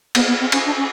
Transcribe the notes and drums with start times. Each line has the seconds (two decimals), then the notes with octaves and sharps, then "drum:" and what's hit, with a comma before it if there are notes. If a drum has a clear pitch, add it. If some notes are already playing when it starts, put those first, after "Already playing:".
0.15 B3, drum: cymbal
0.27 B3
0.40 C4
0.52 C#4, drum: cymbal
0.65 D4
0.77 C#4